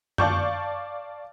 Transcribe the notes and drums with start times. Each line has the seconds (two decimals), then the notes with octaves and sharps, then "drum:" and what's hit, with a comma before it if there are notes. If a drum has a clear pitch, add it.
0.18 D5 F5 A5 C#6 D6 G6, drum: tom